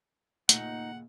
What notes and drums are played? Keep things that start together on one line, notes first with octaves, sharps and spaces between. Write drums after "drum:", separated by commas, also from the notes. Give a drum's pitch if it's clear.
D#2 A#2 C#3 A3 D#4 F#5, drum: hi-hat